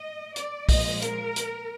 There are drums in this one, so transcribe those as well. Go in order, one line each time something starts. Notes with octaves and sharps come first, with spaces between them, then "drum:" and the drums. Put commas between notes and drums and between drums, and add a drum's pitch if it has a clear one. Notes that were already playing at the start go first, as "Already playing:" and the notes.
Already playing: D#5
D5, drum: hi-hat
A#2 F3 G#3 D#5, drum: kick B1, open hi-hat
A#4, drum: hi-hat
drum: hi-hat